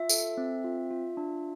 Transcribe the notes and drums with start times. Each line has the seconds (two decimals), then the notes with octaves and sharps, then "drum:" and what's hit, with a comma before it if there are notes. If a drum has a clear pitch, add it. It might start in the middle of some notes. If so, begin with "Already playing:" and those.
Already playing: F4 E5
0.09 A4, drum: tambourine
0.37 C4
0.64 F4
0.91 F4
1.17 D4